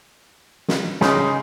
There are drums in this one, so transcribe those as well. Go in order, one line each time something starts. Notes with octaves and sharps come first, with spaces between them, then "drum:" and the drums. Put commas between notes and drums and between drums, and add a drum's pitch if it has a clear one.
drum: snare
C#3 G#3 C#4 D#4, drum: snare